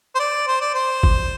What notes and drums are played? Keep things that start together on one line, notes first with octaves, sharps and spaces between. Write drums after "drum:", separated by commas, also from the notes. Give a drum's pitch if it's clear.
C5
D5
C5
D5
C5
drum: kick G#1